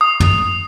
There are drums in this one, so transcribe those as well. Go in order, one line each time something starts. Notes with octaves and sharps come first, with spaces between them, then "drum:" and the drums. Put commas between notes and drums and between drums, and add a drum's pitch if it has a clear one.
D#6
drum: tom